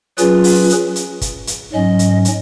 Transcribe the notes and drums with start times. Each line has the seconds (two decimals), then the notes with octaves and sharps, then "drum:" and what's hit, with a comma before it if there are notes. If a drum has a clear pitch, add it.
0.18 F#3 C#4 F4 G#4 B4, drum: hi-hat
0.44 drum: open hi-hat
0.70 drum: hi-hat
0.96 drum: hi-hat
1.21 drum: kick, hi-hat
1.47 drum: hi-hat
1.73 G#2 F#3 C#4 D#5
1.99 drum: hi-hat
2.25 drum: hi-hat